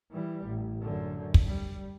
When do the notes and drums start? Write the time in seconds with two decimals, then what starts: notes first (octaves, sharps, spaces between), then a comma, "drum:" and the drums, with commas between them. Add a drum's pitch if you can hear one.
0.11 E3 G3
0.46 A1
0.82 F#2 D3
1.34 drum: kick
1.46 G3